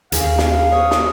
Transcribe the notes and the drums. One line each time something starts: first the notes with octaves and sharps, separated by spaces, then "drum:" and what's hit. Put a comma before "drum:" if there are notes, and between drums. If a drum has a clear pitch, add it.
D#2 C#4 G#4 A#4 F5, drum: hi-hat
drum: snare
B4 C#5 D#6
drum: snare